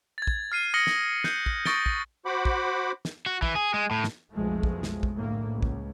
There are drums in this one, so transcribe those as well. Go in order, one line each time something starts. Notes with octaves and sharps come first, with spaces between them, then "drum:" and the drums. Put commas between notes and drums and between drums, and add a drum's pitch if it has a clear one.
G#6 A6
drum: kick
F6 C7 D#7
D#6 F6 A#6 C#7 F#7 G7
drum: snare
F#6 G6 C#7, drum: snare
drum: kick
C#6 D#6 A6 A#6 D7 G7, drum: snare
drum: kick
F#4 C5 F#5 B5 D6
drum: kick
drum: snare
F#4
E3, drum: kick
G#4
G#3
A2
drum: snare
B1 F2 F3 G#3 A3
drum: kick
drum: snare
drum: kick
D2 A2 A#3
C#2
drum: kick